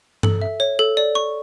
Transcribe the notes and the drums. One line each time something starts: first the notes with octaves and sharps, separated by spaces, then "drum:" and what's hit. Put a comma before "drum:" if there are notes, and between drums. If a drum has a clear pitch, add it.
A4, drum: tom G2
E5
C#5
A4
D5
C#6